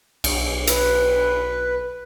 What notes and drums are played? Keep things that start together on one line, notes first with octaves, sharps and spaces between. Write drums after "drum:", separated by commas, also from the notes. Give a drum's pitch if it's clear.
B1, drum: cymbal
B4, drum: hi-hat